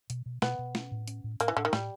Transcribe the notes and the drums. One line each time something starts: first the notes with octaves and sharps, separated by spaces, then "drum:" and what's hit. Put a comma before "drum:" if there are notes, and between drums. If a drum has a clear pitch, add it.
B2, drum: hi-hat
B2
B2 B3, drum: snare
B2
C#4, drum: snare
A2
C#4, drum: hi-hat
A2
A2 A#3, drum: hi-hat
E3
A2 D3
D#3
A2 G3, drum: snare